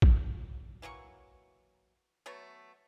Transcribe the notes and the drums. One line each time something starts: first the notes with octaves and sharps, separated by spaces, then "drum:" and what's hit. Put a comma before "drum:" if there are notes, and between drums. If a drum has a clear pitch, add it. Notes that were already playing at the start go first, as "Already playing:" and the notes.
drum: kick
E3 F#3 A#3 C#6
F#3 A3 B3 C#5